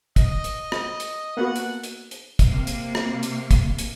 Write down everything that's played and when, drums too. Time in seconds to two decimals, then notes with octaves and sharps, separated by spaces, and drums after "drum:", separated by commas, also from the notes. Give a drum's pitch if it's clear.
0.16 D#5, drum: kick, hi-hat
0.44 drum: hi-hat
0.72 drum: rim click
1.00 drum: hi-hat
1.37 A#3 B3 F#4 A4 F#5
1.56 drum: hi-hat
1.83 drum: hi-hat
2.11 drum: hi-hat
2.39 drum: kick, hi-hat
2.49 C3 A#3
2.67 drum: hi-hat
2.95 drum: rim click
3.23 drum: hi-hat
3.51 drum: kick, hi-hat
3.78 drum: hi-hat